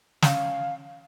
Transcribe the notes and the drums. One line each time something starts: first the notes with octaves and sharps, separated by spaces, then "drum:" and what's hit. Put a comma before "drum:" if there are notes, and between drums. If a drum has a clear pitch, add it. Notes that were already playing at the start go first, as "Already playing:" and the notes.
C#4 F5, drum: snare